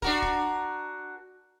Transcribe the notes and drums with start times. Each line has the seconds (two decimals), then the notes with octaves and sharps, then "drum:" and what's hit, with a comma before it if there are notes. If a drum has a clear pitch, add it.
0.02 D4 F#4 A#4, drum: kick
0.22 drum: kick